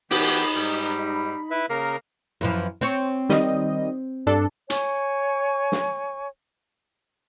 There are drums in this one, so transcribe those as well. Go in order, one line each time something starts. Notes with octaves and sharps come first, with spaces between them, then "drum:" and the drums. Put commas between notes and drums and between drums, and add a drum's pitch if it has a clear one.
E3 B3 D#4 G4 B5, drum: open hi-hat
G#2 G3
E4 B4 E5
C#3 A#3 A#4
F#2 E3 F3
C4 C#5
D#3 G3 D#5, drum: snare
G2 D4 A4
C#5 G#5 C#6, drum: hi-hat
drum: snare